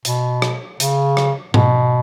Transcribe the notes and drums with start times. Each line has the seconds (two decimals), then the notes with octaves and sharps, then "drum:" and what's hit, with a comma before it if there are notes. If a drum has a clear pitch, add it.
0.05 B2, drum: hi-hat
0.42 drum: rim click
0.80 C#3, drum: hi-hat
1.17 drum: rim click
1.54 B2, drum: tom G#2